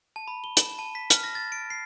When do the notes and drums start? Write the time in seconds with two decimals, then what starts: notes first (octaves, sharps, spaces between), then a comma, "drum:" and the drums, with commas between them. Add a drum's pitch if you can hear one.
0.16 A5
0.28 B5
0.44 G7
0.57 E7, drum: hi-hat
0.79 A5
0.95 B6
1.10 F6, drum: hi-hat
1.24 A#6
1.35 A6
1.52 D7
1.70 C7